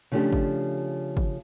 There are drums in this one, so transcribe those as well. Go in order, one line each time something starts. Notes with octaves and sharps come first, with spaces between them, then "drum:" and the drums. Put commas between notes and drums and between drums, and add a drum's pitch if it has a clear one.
C#3 F3 A3 D4 G4
drum: kick G1
drum: kick G1